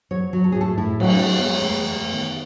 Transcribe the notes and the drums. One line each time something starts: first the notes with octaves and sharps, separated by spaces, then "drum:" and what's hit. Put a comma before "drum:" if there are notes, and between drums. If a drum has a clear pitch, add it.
F#3 C#5
F#3
A4
A2 G#4
A4
A2 E4
F#3 C#4, drum: cymbal
D#4
F#3
B3
G#3 C#4
A3
E2
G#3
E2
A3
D#3 B3